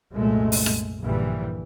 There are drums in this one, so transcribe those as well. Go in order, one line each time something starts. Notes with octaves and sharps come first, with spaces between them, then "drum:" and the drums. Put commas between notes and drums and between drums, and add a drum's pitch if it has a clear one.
C2 F#2 A#2 G#3 A3
drum: open hi-hat
drum: rim click
A#1 G2 D3 E3 G3